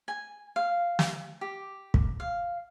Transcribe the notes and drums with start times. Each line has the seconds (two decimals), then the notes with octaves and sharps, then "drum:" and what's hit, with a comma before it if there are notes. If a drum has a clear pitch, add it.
0.08 G#5
0.56 F5
0.99 drum: snare
1.41 G4
1.94 drum: kick
2.20 F5